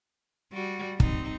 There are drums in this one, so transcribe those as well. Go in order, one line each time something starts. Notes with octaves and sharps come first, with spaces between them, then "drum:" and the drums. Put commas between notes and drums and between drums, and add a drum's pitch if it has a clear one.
G3 F#4
C4 D#4, drum: kick